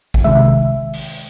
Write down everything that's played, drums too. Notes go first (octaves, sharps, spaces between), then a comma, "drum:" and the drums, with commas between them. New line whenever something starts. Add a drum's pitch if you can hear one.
drum: kick A#1
C3 D#3 G#3 E5
drum: open hi-hat